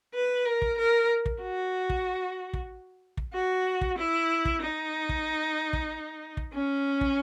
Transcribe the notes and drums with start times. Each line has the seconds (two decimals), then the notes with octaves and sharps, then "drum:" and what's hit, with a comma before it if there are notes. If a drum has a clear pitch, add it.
0.14 B4
0.45 A#4
0.62 drum: kick
0.78 A#4
1.26 drum: kick
1.41 F#4
1.90 drum: kick
2.53 drum: kick
3.17 drum: kick
3.33 F#4
3.81 drum: kick
3.98 E4
4.45 drum: kick
4.61 D#4
5.09 drum: kick
5.73 drum: kick
6.37 drum: kick
6.53 C#4
7.01 drum: kick